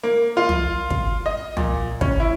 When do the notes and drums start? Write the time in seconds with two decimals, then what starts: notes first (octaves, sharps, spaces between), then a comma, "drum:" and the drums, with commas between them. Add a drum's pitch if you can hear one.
0.03 A#3
0.37 F4
0.49 drum: tom
0.90 drum: kick
1.26 D#5
1.57 A#2, drum: tom
2.01 C#4, drum: kick
2.20 E4